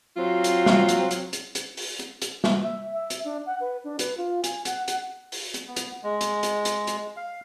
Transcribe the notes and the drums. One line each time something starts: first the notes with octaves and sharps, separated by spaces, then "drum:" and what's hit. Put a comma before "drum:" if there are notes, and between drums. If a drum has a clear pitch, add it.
F#3 C4 F4
drum: hi-hat
drum: snare
drum: hi-hat
drum: hi-hat
drum: hi-hat
drum: hi-hat
drum: open hi-hat
drum: hi-hat
drum: hi-hat
drum: snare
E5
E5
drum: hi-hat
D4
F#5
B4
D4
B4, drum: hi-hat
F4
G#5, drum: hi-hat
F#5, drum: hi-hat
drum: hi-hat
drum: open hi-hat
drum: hi-hat
B3
drum: hi-hat
G#3
drum: hi-hat
drum: hi-hat
drum: hi-hat
drum: hi-hat
F5